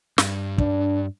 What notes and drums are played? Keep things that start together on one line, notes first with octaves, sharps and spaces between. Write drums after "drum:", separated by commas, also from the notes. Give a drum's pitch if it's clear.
G2, drum: snare
D4, drum: kick